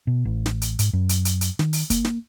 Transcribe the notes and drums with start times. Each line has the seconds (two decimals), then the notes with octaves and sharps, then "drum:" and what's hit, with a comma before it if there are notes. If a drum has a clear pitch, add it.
0.07 B2
0.25 A1
0.46 drum: snare
0.62 drum: hi-hat
0.79 G#2, drum: hi-hat
0.93 F#2
1.09 drum: hi-hat
1.25 drum: hi-hat
1.41 drum: hi-hat
1.59 D#3, drum: snare
1.73 drum: open hi-hat
1.90 A#3, drum: kick, hi-hat
2.05 drum: snare